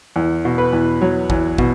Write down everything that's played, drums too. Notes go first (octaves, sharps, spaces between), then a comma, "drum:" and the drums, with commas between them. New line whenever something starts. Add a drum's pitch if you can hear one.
E2
B2
B4
E2
F#3
E2, drum: kick
B2, drum: kick